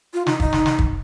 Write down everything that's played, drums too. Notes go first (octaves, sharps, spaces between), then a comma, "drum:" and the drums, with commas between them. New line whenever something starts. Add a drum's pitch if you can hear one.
F4
D#4, drum: snare
D#4, drum: kick
drum: snare
drum: snare
drum: kick